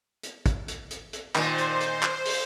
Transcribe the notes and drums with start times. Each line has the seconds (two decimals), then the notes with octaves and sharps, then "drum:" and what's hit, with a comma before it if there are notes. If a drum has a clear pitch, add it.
0.23 drum: hi-hat
0.46 drum: kick, hi-hat
0.68 drum: hi-hat
0.91 drum: hi-hat
1.13 drum: hi-hat
1.35 A#2 D#3 C5, drum: clap
1.58 drum: hi-hat
1.80 drum: hi-hat
2.03 drum: clap
2.25 drum: open hi-hat